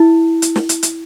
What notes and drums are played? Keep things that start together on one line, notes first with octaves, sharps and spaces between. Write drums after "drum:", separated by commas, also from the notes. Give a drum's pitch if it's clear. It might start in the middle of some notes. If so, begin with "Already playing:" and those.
Already playing: E4
drum: hi-hat
drum: snare
drum: hi-hat
drum: hi-hat